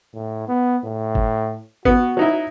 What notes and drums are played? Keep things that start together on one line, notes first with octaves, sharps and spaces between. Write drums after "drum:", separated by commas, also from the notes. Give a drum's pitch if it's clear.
A2
B3
A2
drum: kick G1
B3 F#4, drum: kick G1
F#3 D#4 E4